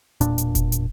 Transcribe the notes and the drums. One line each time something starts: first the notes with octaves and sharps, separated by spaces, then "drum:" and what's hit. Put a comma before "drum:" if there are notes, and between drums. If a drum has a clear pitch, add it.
E1 A#2 D4, drum: hi-hat
drum: hi-hat
drum: kick F1, hi-hat
drum: hi-hat